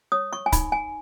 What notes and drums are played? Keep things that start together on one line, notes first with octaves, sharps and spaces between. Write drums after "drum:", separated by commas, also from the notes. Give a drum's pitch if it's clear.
C#5 D#6
C#6
G#5
D#4 B5, drum: kick C#1, hi-hat
G#5